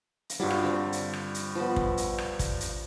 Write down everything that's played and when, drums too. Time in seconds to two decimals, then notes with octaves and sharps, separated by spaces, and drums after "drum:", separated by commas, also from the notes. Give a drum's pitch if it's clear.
0.29 drum: hi-hat
0.40 G2 F#3 G3 F4 D6
0.50 drum: rim click
0.63 D3 C4
0.92 drum: hi-hat
1.13 drum: rim click
1.34 drum: hi-hat
1.55 F3 B3
1.76 drum: kick
1.97 drum: hi-hat
2.18 drum: rim click
2.39 drum: kick, hi-hat
2.60 drum: hi-hat